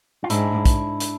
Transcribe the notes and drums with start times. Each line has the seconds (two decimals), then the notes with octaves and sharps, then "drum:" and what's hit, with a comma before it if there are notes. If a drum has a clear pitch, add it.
0.24 F4
0.30 G#2 D4 E4, drum: hi-hat
0.66 drum: kick, hi-hat
1.00 drum: hi-hat